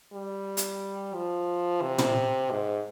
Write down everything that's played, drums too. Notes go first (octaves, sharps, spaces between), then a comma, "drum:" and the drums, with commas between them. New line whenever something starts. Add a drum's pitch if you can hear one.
G3
drum: hi-hat
F3
C3
drum: tom
G#2